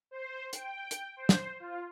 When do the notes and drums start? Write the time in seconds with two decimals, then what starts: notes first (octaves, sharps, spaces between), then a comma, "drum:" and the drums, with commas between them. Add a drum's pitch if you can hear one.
0.11 C5
0.53 G5, drum: hi-hat
0.91 drum: hi-hat
1.17 C5
1.29 drum: snare
1.60 F4